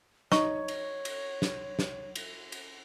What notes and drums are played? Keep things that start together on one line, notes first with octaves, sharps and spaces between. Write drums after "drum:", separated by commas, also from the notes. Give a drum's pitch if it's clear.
D#4 C#5 C#6, drum: snare
drum: cymbal
drum: cymbal
drum: snare
drum: snare
drum: cymbal
drum: cymbal